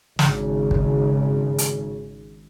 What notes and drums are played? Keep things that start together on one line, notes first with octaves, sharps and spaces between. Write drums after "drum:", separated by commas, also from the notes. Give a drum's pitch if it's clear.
G#1 C#3, drum: snare
drum: kick
drum: hi-hat